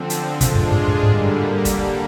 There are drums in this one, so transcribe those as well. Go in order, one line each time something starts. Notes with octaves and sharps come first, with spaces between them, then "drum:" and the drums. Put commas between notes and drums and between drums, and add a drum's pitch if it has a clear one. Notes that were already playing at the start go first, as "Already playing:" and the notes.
Already playing: D3 F3 C4
drum: hi-hat
C3 G#3 D4 F4 G#4, drum: kick, hi-hat
G2
G#2
G2
G#2 D3 G3 A#3
drum: kick, hi-hat